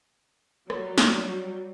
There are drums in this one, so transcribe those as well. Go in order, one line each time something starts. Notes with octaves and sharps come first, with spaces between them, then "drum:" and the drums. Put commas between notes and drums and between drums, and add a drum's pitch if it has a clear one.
F#3 G3 F#4, drum: rim click
drum: snare